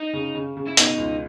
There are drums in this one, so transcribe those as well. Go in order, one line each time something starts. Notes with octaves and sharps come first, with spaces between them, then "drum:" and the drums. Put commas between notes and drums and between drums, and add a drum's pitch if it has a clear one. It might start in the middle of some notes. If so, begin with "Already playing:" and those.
Already playing: D#4
C#3
C#3
C#3
E4
B2 D#4, drum: hi-hat
C#2